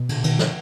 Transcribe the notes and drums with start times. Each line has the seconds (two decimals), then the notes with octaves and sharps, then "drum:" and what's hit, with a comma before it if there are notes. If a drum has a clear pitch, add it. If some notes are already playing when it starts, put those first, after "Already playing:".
Already playing: B2
0.09 A#2 D3, drum: cymbal
0.24 B2 D#3, drum: cymbal
0.39 D3 F3, drum: snare